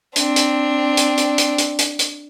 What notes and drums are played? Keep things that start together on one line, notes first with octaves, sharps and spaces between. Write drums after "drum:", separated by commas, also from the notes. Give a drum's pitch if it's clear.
C4 D4, drum: hi-hat
drum: hi-hat
drum: hi-hat
drum: hi-hat
drum: hi-hat
drum: hi-hat
drum: hi-hat
drum: hi-hat